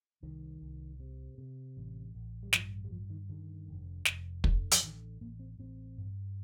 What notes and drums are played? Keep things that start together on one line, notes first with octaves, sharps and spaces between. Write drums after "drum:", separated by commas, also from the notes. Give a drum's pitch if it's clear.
C2 D#3
C2
C3
C3
A1
A1
G3
G2 F3, drum: snare
G3
G2 F3
D#3
D3 D#3
F1
F1, drum: snare
D3, drum: kick
F3, drum: hi-hat
A1 D#3
A1 A#3
C4
A1 C4
G2